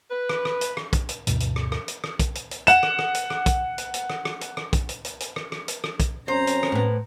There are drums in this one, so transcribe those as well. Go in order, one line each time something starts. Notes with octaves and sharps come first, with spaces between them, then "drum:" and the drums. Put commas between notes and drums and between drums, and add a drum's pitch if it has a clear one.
B4
drum: rim click
drum: rim click
drum: hi-hat
drum: rim click
drum: kick, hi-hat
drum: hi-hat
D2 G2 B2 E3, drum: hi-hat
drum: hi-hat
drum: rim click
drum: rim click
drum: hi-hat
drum: rim click
drum: kick, hi-hat
drum: hi-hat
drum: hi-hat
F#5 E7, drum: hi-hat
drum: rim click
drum: rim click
drum: hi-hat
drum: rim click
drum: kick, hi-hat
drum: hi-hat
drum: hi-hat
drum: rim click
drum: rim click
drum: hi-hat
drum: rim click
drum: kick, hi-hat
drum: hi-hat
drum: hi-hat
drum: hi-hat
drum: rim click
drum: rim click
drum: hi-hat
drum: rim click
drum: kick, hi-hat
F#2 C4 C#4 C5 A#5
drum: hi-hat
drum: rim click
A2 B3